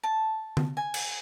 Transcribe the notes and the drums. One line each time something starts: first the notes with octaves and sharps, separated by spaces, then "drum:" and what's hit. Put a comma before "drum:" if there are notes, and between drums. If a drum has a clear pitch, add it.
A5
drum: tom D3
G#5
drum: cymbal